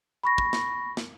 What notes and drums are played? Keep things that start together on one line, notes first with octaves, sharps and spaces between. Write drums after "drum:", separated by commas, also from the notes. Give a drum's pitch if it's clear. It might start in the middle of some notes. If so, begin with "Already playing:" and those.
B5 C#6 A#6
drum: kick
drum: snare
drum: snare